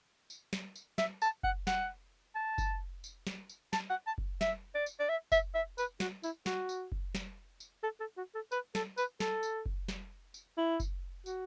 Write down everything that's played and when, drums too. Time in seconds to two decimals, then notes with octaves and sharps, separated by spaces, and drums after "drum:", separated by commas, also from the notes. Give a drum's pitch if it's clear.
0.30 drum: tambourine
0.53 drum: snare
0.76 drum: tambourine
0.98 E5, drum: snare
1.22 A5, drum: tambourine
1.43 F#5, drum: kick F#1
1.67 F#5, drum: snare
2.35 A5
2.58 drum: kick F#1, tambourine
3.04 drum: tambourine
3.27 drum: snare
3.49 drum: tambourine
3.73 A5, drum: snare
3.90 F#5
4.06 A5
4.18 drum: kick F#1
4.41 E5, drum: snare
4.75 D5
4.86 drum: tambourine
4.99 D5
5.09 E5
5.32 E5, drum: kick F#1, tambourine
5.54 E5
5.78 B4, drum: tambourine
6.00 F#4, drum: snare
6.23 E4, drum: tambourine
6.46 F#4, drum: snare
6.69 drum: tambourine
6.92 drum: kick F#1
7.15 drum: snare
7.60 drum: tambourine
7.83 A4
8.00 A4
8.17 F#4
8.35 A4
8.52 B4, drum: tambourine
8.75 A4, drum: snare
8.98 B4, drum: tambourine
9.20 A4, drum: snare
9.43 drum: tambourine
9.66 drum: kick F#1
9.88 drum: snare
10.34 drum: tambourine
10.57 E4
10.80 drum: kick F#1, tambourine
11.26 F#4, drum: tambourine